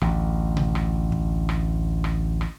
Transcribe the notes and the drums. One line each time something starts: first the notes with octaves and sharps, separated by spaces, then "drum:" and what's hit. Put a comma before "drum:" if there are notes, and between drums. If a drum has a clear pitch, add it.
A1 D2, drum: rim click
drum: tom B2
drum: rim click
drum: kick
drum: rim click
drum: rim click
drum: rim click